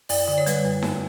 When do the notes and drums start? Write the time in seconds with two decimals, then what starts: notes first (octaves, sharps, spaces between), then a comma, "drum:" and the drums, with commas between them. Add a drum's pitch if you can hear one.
0.09 F#2 D5, drum: open hi-hat
0.28 D3 D5
0.38 C#5
0.46 G3 B4, drum: hi-hat
0.57 C#5
0.65 F#2
0.82 G2, drum: snare D#4